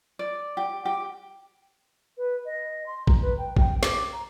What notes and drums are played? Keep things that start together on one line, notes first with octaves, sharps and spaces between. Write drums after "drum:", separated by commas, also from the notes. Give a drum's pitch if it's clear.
D5
G4
G4
B4
D#5
C6
A#5, drum: kick
B4
G5
G5, drum: kick
D6, drum: snare
A#5